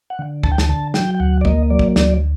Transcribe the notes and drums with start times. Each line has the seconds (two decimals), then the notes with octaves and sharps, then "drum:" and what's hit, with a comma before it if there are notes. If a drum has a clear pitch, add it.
0.10 F#5
0.19 D3
0.43 D2 A5, drum: kick A1
0.52 G5
0.58 A5, drum: snare
0.69 D3 A5
0.94 F#3 G5, drum: snare
1.14 G5
1.20 D2 F#5
1.41 D5
1.45 A#3 D#5, drum: kick A1
1.70 F#3 D5
1.79 drum: kick A1
1.96 D2 D5, drum: snare